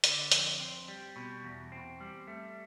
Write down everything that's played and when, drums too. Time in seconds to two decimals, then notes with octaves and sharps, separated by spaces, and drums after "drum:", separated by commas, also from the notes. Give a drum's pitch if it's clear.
0.04 D3, drum: hi-hat
0.32 F2, drum: hi-hat
0.60 C4
0.88 G3
1.16 B2
1.44 E2
1.72 C4
2.00 G3
2.28 A3